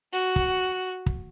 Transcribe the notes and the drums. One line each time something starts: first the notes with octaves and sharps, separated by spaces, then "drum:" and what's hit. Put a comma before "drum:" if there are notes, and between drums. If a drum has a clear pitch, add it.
F#4
drum: kick
drum: kick